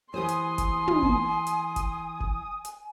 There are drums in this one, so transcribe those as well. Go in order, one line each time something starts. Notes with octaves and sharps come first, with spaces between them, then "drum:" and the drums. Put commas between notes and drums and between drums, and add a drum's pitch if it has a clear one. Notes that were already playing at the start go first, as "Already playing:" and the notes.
E3 G4 C5 G#5 C6 D#6
drum: hi-hat
drum: kick F#1, hi-hat
drum: tom
drum: kick F#1
drum: hi-hat
drum: kick F#1, hi-hat
drum: kick F#1
drum: hi-hat